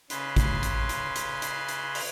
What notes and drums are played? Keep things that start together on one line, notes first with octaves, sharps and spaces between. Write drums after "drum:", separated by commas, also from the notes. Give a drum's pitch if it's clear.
C#3 B4 C6, drum: hi-hat
drum: kick A1, hi-hat
drum: hi-hat
drum: hi-hat
drum: hi-hat
drum: hi-hat
drum: hi-hat
drum: open hi-hat